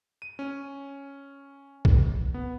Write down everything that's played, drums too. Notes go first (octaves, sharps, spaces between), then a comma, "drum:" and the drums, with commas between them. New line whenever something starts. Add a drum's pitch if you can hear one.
D#7
C#4
drum: kick
B3